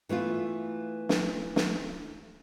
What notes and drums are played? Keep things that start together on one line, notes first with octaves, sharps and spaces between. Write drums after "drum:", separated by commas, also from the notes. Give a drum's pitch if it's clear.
E3 A3 B3 F4
drum: snare
drum: snare